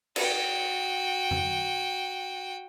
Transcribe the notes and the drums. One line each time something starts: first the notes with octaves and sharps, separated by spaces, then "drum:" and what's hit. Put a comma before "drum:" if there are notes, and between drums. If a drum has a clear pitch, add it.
F#4 G5, drum: cymbal
drum: tom F2